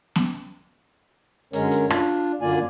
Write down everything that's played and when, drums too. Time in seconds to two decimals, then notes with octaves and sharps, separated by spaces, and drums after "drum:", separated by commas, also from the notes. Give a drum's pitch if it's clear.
0.16 drum: snare
1.53 F#2 D3 G#3 C#4 A#4 C#5, drum: hi-hat
1.71 drum: hi-hat
1.90 D4 F4, drum: rim click
2.41 F#2 D3 A#3 F4 D5 G#5